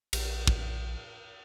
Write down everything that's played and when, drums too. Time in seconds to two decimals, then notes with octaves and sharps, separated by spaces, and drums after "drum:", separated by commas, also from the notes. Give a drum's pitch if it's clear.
0.13 A#1, drum: cymbal
0.47 drum: kick